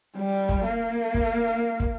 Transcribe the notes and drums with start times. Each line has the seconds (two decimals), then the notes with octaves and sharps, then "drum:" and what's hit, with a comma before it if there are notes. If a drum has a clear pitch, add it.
0.16 G3
0.49 drum: kick
0.66 A#3
1.14 drum: kick
1.80 drum: kick